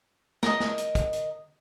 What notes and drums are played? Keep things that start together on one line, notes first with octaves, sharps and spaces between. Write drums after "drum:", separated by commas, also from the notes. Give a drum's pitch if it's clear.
A#4 D#5, drum: snare
drum: snare
drum: hi-hat
drum: kick, hi-hat
drum: hi-hat